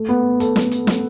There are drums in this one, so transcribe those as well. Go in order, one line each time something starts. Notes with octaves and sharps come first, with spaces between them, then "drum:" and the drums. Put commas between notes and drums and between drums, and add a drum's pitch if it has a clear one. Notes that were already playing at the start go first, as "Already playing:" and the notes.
Already playing: A3
B3
A4, drum: hi-hat
drum: snare
drum: hi-hat
drum: snare